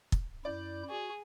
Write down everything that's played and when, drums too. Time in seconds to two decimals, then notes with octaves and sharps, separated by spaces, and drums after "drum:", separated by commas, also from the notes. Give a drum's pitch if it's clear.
0.12 drum: kick
0.45 F#2 E4 D5 G6
0.90 F#4 G#4